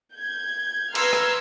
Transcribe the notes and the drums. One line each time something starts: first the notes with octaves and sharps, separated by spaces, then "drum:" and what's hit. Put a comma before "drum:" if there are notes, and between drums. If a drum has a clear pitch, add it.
G6 G#6
B4 A#5 C6 E6 F6 G#6, drum: cymbal
drum: rim click